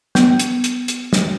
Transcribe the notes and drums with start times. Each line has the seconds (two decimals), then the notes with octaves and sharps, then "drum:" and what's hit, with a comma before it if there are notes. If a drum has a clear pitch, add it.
0.15 B3, drum: snare
0.39 drum: hi-hat
0.64 drum: hi-hat
0.88 drum: hi-hat
1.13 drum: snare